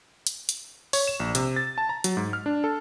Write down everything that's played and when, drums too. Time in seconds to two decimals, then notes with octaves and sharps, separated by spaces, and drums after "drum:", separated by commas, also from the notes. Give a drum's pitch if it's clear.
0.27 drum: hi-hat
0.49 drum: hi-hat
0.93 C#5, drum: open hi-hat
1.08 E7
1.20 A#1
1.35 C3, drum: hi-hat
1.56 A6
1.78 A5
1.89 A#5
2.04 F#3, drum: hi-hat
2.17 G#2
2.33 F6
2.46 D4
2.64 A4